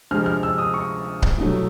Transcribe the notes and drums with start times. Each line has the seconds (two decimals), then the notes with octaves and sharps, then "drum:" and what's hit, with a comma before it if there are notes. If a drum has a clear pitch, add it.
0.11 D2 C3 F3 G#3 F6
0.26 F6
0.43 E6
0.58 D#6
0.74 C#6
1.22 drum: kick C#1
1.38 C2 B2 F#3 A3